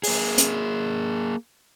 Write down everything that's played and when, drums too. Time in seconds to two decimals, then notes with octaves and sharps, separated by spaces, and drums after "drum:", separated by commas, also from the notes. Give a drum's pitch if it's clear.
0.03 A#3 G#4, drum: open hi-hat
0.38 drum: hi-hat